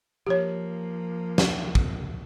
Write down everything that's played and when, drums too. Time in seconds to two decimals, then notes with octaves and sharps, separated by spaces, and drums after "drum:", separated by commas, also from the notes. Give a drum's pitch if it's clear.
0.27 F3 A#3 G4 C#5
1.38 drum: snare
1.75 drum: kick